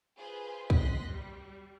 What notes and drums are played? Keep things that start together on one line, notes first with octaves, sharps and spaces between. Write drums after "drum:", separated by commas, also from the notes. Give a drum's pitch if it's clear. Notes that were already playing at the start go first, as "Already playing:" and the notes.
F4 G#4 B4 C5
D#5 C6 F#6 A#6 B6, drum: kick
G3